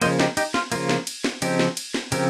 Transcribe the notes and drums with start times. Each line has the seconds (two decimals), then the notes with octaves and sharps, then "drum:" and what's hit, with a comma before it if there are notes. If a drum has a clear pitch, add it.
0.01 C#3 F3 A#3 C5 D#5, drum: cymbal
0.20 D#4 G4, drum: snare
0.37 D#4 G4, drum: cymbal
0.54 F4, drum: snare
0.72 C#3 F3 A#3 F4, drum: cymbal
0.89 drum: snare
1.07 drum: cymbal
1.24 drum: snare
1.42 C#3 F3 C4 D#4 G4, drum: cymbal
1.59 drum: snare
1.77 drum: cymbal
1.94 drum: snare
2.12 C#3 F3 C4 G4 A#4, drum: cymbal